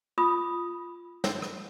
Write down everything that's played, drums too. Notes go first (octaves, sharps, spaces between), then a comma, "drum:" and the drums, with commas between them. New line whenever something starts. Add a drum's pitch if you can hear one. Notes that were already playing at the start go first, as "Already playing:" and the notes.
F4 B5 D#6
drum: snare
drum: rim click